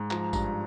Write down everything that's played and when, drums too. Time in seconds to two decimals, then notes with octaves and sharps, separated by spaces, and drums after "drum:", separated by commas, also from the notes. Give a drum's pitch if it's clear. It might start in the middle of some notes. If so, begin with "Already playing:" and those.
Already playing: G#2
0.11 F3 A#5, drum: clap
0.33 G2 A#5, drum: kick, tambourine